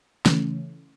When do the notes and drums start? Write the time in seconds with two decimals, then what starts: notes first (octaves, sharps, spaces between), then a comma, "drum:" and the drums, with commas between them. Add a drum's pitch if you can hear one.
0.26 C#3 E3 A3 C#4, drum: snare